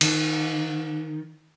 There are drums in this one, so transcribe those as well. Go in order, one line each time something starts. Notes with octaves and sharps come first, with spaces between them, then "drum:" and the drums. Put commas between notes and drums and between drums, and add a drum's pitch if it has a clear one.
D#3, drum: cymbal